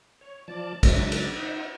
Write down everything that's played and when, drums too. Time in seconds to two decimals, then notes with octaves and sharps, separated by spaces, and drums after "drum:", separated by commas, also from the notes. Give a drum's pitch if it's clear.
0.21 C#5
0.48 F3 D5 A5
0.83 C#3 F#3 G#3 D4 E5 A6, drum: kick, cymbal
1.12 drum: cymbal
1.36 D#4 C5 D#5 E5 F#5